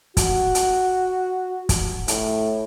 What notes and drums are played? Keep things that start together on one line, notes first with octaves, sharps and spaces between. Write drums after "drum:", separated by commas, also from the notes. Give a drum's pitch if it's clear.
F#4, drum: kick, hi-hat
drum: hi-hat
drum: kick, hi-hat
A2, drum: hi-hat